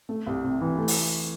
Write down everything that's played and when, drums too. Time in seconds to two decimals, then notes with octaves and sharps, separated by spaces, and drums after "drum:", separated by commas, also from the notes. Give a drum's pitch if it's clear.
0.09 A3
0.27 C2
0.44 C3
0.61 E3
0.78 A3
0.88 drum: open hi-hat